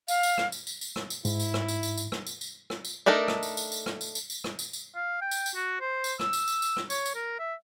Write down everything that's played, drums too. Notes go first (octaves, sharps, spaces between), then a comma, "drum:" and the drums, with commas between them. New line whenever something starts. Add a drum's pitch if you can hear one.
F5, drum: tambourine
drum: tambourine
drum: rim click
drum: tambourine
drum: tambourine
drum: tambourine
drum: rim click
drum: tambourine
G#2 E4, drum: tambourine
drum: tambourine
drum: rim click
drum: tambourine
drum: tambourine
drum: tambourine
drum: rim click
drum: tambourine
drum: tambourine
drum: rim click
drum: tambourine
A3 D4 D#4 A4 A#4
drum: rim click
drum: tambourine
drum: tambourine
drum: tambourine
drum: rim click
drum: tambourine
drum: tambourine
drum: tambourine
drum: rim click
drum: tambourine
drum: tambourine
F5
G5
drum: tambourine
drum: tambourine
F#4
C5
drum: tambourine
E6, drum: rim click
drum: tambourine
drum: tambourine
drum: tambourine
drum: rim click
C#5, drum: tambourine
drum: tambourine
A#4
E5